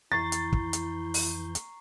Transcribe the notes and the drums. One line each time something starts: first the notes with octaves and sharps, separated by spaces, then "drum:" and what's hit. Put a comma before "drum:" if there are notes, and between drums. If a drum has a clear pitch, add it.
F2 E3 E4 A#5 C#6 G6 A6 C7
drum: hi-hat
drum: kick
drum: hi-hat
drum: open hi-hat
drum: hi-hat